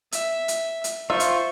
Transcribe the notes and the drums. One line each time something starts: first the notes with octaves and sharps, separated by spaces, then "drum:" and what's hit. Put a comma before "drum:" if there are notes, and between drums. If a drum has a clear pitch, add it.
E5, drum: hi-hat
drum: hi-hat
drum: hi-hat
F4 C5 E5 C#6
drum: hi-hat